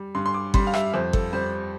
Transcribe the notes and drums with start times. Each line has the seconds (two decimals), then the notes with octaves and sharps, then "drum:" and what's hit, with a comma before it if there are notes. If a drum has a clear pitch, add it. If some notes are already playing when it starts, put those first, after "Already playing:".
Already playing: G3
0.15 G2 C6
0.26 C6
0.34 D6
0.54 G3 C6, drum: kick G1
0.67 F5
0.74 E5, drum: rim click
0.94 F2 C5
1.13 A4, drum: kick G1
1.33 G3 C5